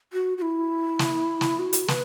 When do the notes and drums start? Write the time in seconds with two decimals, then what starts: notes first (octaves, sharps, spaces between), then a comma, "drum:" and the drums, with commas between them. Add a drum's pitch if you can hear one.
0.13 F#4
0.38 F#4
0.42 E4
0.99 drum: snare
1.41 drum: snare
1.59 F#4
1.73 drum: hi-hat
1.88 B4, drum: snare